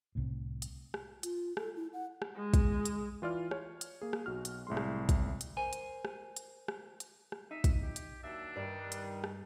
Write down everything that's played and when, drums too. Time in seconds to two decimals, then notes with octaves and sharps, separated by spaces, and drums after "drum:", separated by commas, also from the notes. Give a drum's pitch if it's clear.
0.15 C2 A2
0.62 drum: hi-hat
0.94 drum: rim click
1.23 F4, drum: hi-hat
1.57 A4, drum: rim click
1.76 E4
1.93 F#5
2.22 drum: rim click
2.35 G#3
2.54 drum: kick, hi-hat
2.85 drum: hi-hat
3.22 E3 F4 D5 F6
3.51 C#5, drum: rim click
3.81 drum: hi-hat
4.02 A#3 G#4
4.13 drum: rim click
4.26 B1 F#4 F6
4.45 drum: hi-hat
4.67 C2 A2 G#3 C6
4.77 drum: rim click
5.09 drum: kick, hi-hat
5.41 drum: hi-hat
5.57 A#4 C5 G#5
5.73 drum: hi-hat
6.05 drum: rim click
6.37 drum: hi-hat
6.68 drum: rim click
7.00 drum: hi-hat
7.32 drum: rim click
7.51 D#4 E5
7.64 drum: kick, hi-hat
7.82 G4
7.96 drum: hi-hat
8.23 D#2 F#3 D4 E5
8.56 G2 D#3 G3 A#4 D5
8.92 drum: hi-hat
9.24 drum: rim click